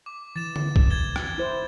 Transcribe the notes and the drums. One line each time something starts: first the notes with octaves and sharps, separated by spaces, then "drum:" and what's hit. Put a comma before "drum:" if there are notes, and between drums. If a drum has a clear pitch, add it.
D6
E3 A6 E7
drum: tom
drum: kick B1
G#6 A6 G7
drum: rim click
E4 C5